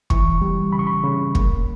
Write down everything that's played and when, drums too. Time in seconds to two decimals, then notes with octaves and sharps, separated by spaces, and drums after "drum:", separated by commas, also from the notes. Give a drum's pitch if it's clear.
0.10 E3 C#6, drum: kick
0.41 G3
0.72 C#3 B5
0.79 C#6
0.87 B5
1.04 C#3
1.35 A#3, drum: kick